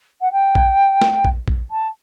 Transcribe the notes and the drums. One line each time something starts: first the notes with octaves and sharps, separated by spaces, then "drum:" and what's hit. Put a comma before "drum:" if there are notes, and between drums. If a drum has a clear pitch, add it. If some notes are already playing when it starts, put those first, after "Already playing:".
F#5
G5
drum: kick A#1
drum: snare
drum: kick A#1
drum: kick A#1
A5